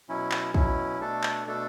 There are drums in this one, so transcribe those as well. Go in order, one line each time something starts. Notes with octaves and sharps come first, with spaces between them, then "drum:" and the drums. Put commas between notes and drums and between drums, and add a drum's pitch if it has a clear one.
B2 F#3 C#4 E4
drum: clap
B2 F#3 C#4 E4, drum: kick
B2 A3 D4 A4
drum: clap
B2 A3 D4 A4